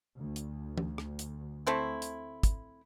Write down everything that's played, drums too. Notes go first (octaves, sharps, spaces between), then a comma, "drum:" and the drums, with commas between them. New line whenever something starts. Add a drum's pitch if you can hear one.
D2
drum: hi-hat
drum: tom
drum: rim click
drum: hi-hat
A3 C4 E4
drum: hi-hat
drum: kick, hi-hat